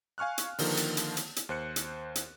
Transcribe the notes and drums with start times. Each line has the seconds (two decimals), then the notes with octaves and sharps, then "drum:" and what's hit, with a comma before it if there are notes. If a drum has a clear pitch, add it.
0.18 F5 G#5 C#6 F6 F#6
0.38 drum: hi-hat
0.59 D3 D#3 F3 A#3, drum: open hi-hat
0.77 drum: hi-hat
0.97 drum: hi-hat
1.17 drum: hi-hat
1.36 drum: hi-hat
1.49 D#2 C5 F#6 C#7
1.76 drum: hi-hat
2.16 drum: hi-hat